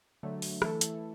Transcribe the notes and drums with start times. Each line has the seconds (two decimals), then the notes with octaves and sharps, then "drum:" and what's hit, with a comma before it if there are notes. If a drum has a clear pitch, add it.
0.23 D3 F#3 A3
0.42 drum: open hi-hat
0.62 E3 A3 E4 A4, drum: rim click
0.81 drum: hi-hat